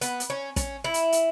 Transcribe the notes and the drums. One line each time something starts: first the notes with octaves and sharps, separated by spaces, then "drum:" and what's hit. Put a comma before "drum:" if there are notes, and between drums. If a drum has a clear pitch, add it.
B3, drum: hi-hat
drum: hi-hat
C#4
C#4, drum: kick, hi-hat
E4
drum: hi-hat
drum: hi-hat